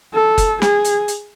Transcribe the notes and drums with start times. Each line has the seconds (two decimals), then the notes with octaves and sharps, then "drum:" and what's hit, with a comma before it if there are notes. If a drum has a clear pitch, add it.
0.14 A4
0.38 drum: kick F#1, hi-hat
0.62 G#4, drum: snare
0.84 drum: hi-hat
1.08 drum: hi-hat